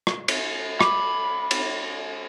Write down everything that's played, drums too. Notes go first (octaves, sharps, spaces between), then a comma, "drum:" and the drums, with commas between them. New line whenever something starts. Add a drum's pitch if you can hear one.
drum: rim click
drum: cymbal
B5 D6, drum: rim click
drum: cymbal